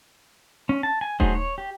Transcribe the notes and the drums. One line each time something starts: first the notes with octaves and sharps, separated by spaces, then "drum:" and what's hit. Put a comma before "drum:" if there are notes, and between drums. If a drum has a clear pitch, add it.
C#4
A5
G#5
F#3 A3 D#4 G#4 C5, drum: kick D#1
C#5
G4